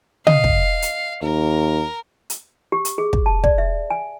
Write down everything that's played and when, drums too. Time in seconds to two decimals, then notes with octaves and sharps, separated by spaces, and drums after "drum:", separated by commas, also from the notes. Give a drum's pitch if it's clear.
0.27 D#5 F5, drum: tom
0.44 drum: kick
0.82 drum: hi-hat
1.23 D#2 A#4
2.30 drum: hi-hat
2.72 G4
2.85 drum: hi-hat
2.98 G#4
3.13 drum: kick
3.26 A5
3.44 D5, drum: kick
3.58 E5
3.90 G#5